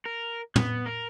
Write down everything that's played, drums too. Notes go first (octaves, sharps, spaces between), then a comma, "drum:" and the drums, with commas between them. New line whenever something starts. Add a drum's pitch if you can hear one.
A#4
B3, drum: tom
A#4